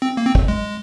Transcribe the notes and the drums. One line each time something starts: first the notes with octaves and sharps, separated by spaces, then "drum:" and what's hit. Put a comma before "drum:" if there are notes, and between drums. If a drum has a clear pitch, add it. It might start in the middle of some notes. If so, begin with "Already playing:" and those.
C4
A#3
C4
drum: kick
G#3